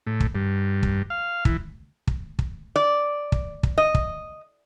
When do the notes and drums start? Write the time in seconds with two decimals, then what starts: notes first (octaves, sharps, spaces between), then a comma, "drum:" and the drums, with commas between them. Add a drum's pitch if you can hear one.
0.07 A2
0.20 drum: kick
0.35 G2
0.83 drum: kick
1.10 F5
1.45 E3, drum: kick
2.07 drum: kick
2.39 drum: kick
2.76 D5
3.32 drum: kick
3.63 drum: kick
3.78 D#5
3.95 drum: kick